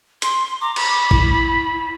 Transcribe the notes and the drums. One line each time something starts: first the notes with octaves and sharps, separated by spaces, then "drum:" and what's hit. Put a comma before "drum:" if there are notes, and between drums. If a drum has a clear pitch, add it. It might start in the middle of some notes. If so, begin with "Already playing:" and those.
C6, drum: hi-hat
A#5 D6
B5, drum: cymbal
E4, drum: kick